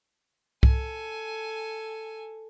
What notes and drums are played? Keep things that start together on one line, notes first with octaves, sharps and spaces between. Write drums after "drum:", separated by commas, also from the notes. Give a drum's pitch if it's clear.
A4 G#5, drum: kick C2